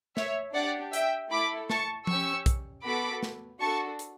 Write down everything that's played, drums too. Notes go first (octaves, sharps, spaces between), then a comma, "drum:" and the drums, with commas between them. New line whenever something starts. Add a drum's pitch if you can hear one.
C#5 E5, drum: snare
D4 G4 D5 F#5
E5 G5, drum: hi-hat
A3 E4 A4 B5 D6
A5 C#6, drum: snare
C#4 G4 C#6 E6, drum: tom F3
drum: kick, hi-hat
B3 F#4 A4 B5 D6
drum: snare
D4 F#4 A4 A5 C#6
drum: hi-hat